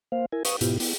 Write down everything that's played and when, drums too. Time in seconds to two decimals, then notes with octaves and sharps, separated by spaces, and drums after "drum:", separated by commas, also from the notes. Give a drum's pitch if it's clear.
0.12 A#3 C5 F5
0.32 E4 A#4 G#5
0.45 B4 F5 C#6 D#6, drum: hi-hat
0.61 G#2 B2 B3 E4 F4 G4, drum: hi-hat
0.80 B3 E4, drum: open hi-hat